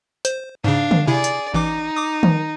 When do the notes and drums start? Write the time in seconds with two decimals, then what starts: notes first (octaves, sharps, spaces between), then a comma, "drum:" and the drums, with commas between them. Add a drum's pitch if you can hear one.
0.25 C5, drum: hi-hat
0.64 G#2 C#3 D4 F5
0.91 drum: tom D3
1.08 C3 E4 G#4 D5
1.24 drum: hi-hat
1.54 A1 E3 D#4 D6
1.96 D6 D#6
2.23 drum: tom D#3